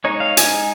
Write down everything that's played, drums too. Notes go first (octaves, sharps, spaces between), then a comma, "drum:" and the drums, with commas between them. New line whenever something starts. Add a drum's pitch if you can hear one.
G#3 D#4 C#5
F5
G#5, drum: hi-hat